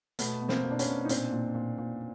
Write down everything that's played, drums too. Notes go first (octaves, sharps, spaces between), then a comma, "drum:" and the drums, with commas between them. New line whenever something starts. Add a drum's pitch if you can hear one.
B2 A3 B3, drum: hi-hat
B2
A#3 C4, drum: snare
B2
D4
B3 C#4, drum: hi-hat
B2
D#4
A#2 C4 D4, drum: hi-hat
A#2
A#2
A#2